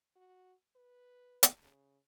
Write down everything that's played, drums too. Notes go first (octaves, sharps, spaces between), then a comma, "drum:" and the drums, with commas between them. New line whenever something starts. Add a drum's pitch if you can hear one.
F#4
B4
drum: hi-hat
C#3